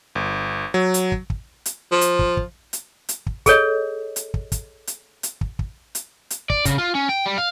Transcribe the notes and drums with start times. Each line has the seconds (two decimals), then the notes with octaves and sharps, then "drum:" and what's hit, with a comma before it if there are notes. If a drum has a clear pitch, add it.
0.15 G1
0.74 F#3
0.94 drum: hi-hat
1.12 drum: kick
1.30 drum: kick
1.66 drum: hi-hat
1.92 F3
2.01 drum: hi-hat
2.19 drum: kick
2.37 drum: kick
2.73 drum: hi-hat
3.09 drum: hi-hat
3.26 drum: kick
3.46 G#4 A4 C#5 D#5, drum: kick, hi-hat
4.16 drum: hi-hat
4.34 drum: kick
4.52 drum: kick, hi-hat
4.87 drum: hi-hat
5.23 drum: hi-hat
5.41 drum: kick
5.59 drum: kick
5.95 drum: hi-hat
6.30 drum: hi-hat
6.50 D5, drum: kick
6.65 C#3, drum: kick, hi-hat
6.78 F4
6.95 C#4
7.09 G5
7.26 G3
7.38 F5